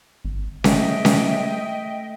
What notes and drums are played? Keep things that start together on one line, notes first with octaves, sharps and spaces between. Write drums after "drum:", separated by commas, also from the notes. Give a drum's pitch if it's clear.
G#1
A3 D#5 E5 G5, drum: snare C#4
drum: snare C#4